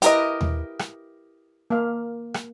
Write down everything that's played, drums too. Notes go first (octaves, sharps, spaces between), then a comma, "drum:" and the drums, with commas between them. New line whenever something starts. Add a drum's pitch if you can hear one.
E4 G4 A#4 B4 D#5, drum: hi-hat
drum: tom D#2
drum: rim click
A#3 F5
drum: rim click